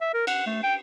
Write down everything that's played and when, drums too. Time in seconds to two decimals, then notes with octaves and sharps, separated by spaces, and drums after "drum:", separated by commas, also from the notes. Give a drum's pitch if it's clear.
0.01 E5
0.14 A#4
0.27 F#5, drum: cymbal
0.46 A3
0.63 G5